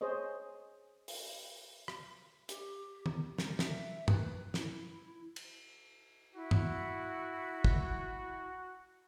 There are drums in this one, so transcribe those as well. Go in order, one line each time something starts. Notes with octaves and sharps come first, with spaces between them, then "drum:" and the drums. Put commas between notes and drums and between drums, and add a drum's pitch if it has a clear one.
G#4 C5 C#5 D#5
drum: open hi-hat
drum: rim click
G4, drum: hi-hat
drum: tom
G3, drum: snare
E5, drum: snare
B4, drum: tom G2
E4, drum: snare
drum: cymbal
E4 F#4
drum: tom G2
drum: kick